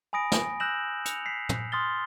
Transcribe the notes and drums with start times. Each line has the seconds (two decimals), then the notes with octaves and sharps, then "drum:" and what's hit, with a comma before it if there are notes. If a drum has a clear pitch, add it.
0.13 G#5 B5 D#6 A#6 D7
0.32 drum: snare
0.60 E6 F#6 G6 A#6 E7 F#7
1.05 C#7 F7, drum: hi-hat
1.26 B6 C7
1.49 drum: tom
1.72 C6 D#6 F6 A6 G7